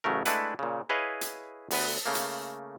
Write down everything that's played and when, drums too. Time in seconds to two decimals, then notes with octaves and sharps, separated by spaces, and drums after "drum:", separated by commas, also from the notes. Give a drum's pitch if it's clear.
0.04 A1 C#3 F#3 A3 A#4
0.25 G#3 A3 D4 E4 B4 F#5, drum: hi-hat
0.59 A#2 C#3
0.89 E4 G#4 B4 C#5 D#5 F5
1.21 drum: hi-hat
1.71 D2 B3 B4, drum: open hi-hat
2.06 C#3 A3 A#3
2.15 drum: hi-hat